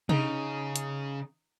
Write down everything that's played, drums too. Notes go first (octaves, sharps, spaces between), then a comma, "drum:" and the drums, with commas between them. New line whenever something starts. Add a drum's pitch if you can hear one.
C#3 D#4, drum: tom C3
drum: hi-hat